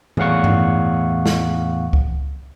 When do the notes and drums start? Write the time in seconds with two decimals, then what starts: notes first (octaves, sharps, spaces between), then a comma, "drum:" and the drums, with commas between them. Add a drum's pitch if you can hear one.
0.17 E2 A2 F5 F#5 C#6, drum: tom A#2
0.44 drum: tom G2
1.26 drum: snare
1.93 drum: kick C#2